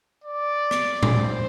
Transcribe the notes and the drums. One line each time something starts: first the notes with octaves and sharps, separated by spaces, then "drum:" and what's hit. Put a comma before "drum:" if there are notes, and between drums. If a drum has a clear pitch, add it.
D5
drum: rim click
drum: tom A#2
C5